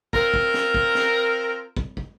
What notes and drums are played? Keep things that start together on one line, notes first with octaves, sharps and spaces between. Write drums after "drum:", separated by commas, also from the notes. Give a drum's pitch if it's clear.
C4 F4 A#4, drum: kick
drum: kick
drum: snare
drum: kick
drum: snare
drum: kick
drum: kick